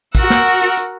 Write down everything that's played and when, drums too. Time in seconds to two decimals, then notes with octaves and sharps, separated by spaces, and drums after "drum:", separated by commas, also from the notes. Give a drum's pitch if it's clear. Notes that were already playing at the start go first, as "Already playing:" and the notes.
0.15 F#4 A#4 F#5 E6, drum: kick, hi-hat
0.30 drum: snare
0.46 drum: open hi-hat
0.62 drum: hi-hat
0.77 drum: hi-hat